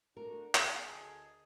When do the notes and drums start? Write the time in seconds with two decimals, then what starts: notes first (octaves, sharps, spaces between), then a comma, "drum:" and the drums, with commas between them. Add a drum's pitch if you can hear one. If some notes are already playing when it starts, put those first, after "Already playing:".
0.17 A3 D4 F#4 A#4
0.55 B1 G#4 G5, drum: clap
0.89 D2 D#5 A5